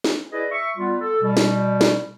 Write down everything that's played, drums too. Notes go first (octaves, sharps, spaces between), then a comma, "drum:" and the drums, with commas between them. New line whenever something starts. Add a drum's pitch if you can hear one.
drum: snare
E4 G#4 B4 D5 D#5
E5 C#6
G3 B3 F4
A4
B2 G3
drum: snare
drum: snare